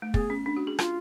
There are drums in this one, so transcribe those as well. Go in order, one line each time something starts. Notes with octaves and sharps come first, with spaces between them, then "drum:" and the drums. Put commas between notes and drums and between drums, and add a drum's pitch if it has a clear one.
A3
B3 G#4, drum: kick
C#4
D4
F#4
G#4
F4, drum: rim click